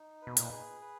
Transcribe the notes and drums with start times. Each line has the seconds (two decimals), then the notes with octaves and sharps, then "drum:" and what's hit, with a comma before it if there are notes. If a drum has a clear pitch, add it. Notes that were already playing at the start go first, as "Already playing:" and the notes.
Already playing: D#4
0.22 B4
0.27 B2
0.37 A#2, drum: hi-hat
0.51 G#4
0.81 B4